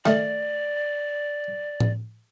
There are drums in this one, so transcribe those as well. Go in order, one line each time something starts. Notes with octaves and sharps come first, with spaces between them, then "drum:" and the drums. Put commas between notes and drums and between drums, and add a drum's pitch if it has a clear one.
D#3 A3 D5, drum: rim click
drum: tom A2